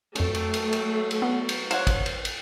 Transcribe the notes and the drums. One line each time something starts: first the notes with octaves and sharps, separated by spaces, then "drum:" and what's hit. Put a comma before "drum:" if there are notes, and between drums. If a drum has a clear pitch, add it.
F2 F#3 A3 C#4, drum: cymbal
drum: cymbal
drum: cymbal
drum: cymbal
drum: cymbal
B3
drum: cymbal
C5 C#5 F5 F#5, drum: cymbal
drum: kick, cymbal
drum: cymbal
drum: cymbal